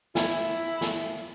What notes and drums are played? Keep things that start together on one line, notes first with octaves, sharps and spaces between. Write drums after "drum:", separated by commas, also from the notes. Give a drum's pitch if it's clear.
E4, drum: snare
drum: snare